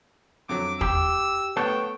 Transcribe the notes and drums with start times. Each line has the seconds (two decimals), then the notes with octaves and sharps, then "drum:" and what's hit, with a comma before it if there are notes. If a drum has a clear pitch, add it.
0.49 F2 F#3 D6
0.81 G4 E6, drum: kick
1.56 A3 B3 C#5 F#5 G5 A5